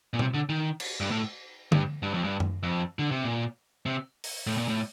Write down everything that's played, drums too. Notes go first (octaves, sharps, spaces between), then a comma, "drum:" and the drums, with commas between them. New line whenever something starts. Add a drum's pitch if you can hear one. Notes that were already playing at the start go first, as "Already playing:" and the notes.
A#2
C3, drum: tom B2
D3
D#3
drum: cymbal
G2
A2
G2, drum: tom D3
G2
F2
G2
drum: tom F#2
F2
D3
C3
A#2
C3
drum: open hi-hat
A2
A#2
A2